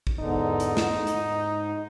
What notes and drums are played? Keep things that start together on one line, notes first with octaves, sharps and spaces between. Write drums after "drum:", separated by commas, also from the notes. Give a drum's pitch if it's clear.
drum: kick
E2 G#2 D3 D#4
drum: hi-hat
drum: snare
G#2, drum: hi-hat